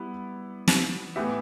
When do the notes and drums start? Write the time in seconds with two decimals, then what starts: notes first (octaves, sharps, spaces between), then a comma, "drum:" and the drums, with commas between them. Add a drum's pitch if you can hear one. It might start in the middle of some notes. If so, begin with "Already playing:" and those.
Already playing: G3 B3 E4
0.68 drum: snare
1.16 A2 E3 B3 G4 E5